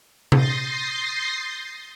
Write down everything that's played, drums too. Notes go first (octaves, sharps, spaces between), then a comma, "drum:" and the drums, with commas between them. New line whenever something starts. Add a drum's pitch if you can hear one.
C6 D#6 G6 A6 A#6 C7, drum: tom C3